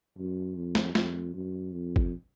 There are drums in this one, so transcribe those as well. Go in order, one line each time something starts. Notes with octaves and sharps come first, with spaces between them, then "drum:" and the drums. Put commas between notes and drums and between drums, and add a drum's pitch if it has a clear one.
F#2
F2
drum: snare
F2, drum: snare
F#2
F2
drum: kick